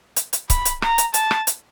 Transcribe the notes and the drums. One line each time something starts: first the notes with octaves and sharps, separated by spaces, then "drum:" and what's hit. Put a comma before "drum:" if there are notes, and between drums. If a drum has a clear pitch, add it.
drum: hi-hat
drum: hi-hat
B5, drum: kick C#1, hi-hat
drum: hi-hat
A#5, drum: rim click
drum: hi-hat
A5, drum: hi-hat
drum: rim click
drum: hi-hat